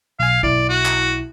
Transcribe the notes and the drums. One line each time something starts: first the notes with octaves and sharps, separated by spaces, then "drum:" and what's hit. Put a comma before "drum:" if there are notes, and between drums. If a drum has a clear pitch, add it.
B1 F5 G#5
B1 E4 D5, drum: kick
F#4
drum: clap